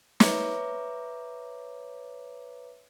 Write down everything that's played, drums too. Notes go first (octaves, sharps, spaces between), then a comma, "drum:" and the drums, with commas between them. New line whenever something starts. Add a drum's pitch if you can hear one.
B4 C#5 E5 A#5 D6, drum: snare